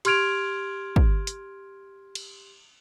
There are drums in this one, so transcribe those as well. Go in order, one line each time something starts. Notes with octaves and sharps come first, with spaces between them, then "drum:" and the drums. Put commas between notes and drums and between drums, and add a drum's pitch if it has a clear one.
G4 C6 F6 G#6 D7 F7, drum: cymbal
drum: kick
drum: hi-hat
drum: cymbal